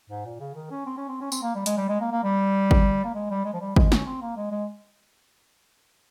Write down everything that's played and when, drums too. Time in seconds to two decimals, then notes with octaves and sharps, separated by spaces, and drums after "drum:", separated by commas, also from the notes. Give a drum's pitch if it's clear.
0.10 G#2
0.25 A#2
0.40 C#3
0.55 D#3
0.71 C#4
0.86 C4
0.97 C#4
1.09 C4
1.21 C#4
1.32 C4, drum: tambourine
1.42 A#3
1.55 G3
1.66 G#3, drum: hi-hat
1.77 G3
1.89 G#3
2.01 A#3
2.12 A#3
2.24 G3
2.71 drum: kick
3.04 A#3
3.15 G#3
3.30 G3
3.45 G#3
3.54 F3
3.61 G3
3.76 G#3, drum: kick
3.92 C#4, drum: snare
4.06 C4
4.21 A#3
4.36 G#3
4.52 G#3